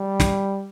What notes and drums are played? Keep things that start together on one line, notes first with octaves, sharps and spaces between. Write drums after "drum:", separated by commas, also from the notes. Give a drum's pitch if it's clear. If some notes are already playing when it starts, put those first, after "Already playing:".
Already playing: G3
drum: snare